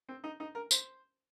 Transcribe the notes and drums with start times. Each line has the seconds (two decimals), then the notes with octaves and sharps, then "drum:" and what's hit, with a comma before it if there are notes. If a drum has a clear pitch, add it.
0.09 C4
0.24 D#4
0.40 D#4
0.55 A#4
0.71 C5, drum: tambourine